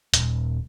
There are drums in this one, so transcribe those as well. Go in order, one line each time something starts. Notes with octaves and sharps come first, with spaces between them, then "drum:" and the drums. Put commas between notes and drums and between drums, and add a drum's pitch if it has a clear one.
D#1, drum: hi-hat